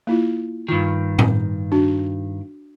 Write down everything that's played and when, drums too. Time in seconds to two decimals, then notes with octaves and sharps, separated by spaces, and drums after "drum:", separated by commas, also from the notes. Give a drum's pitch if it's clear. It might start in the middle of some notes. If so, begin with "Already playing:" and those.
0.07 A#3 E4 F4
0.68 G2 D#3 F4
1.19 drum: tom A2
1.72 D4 F#4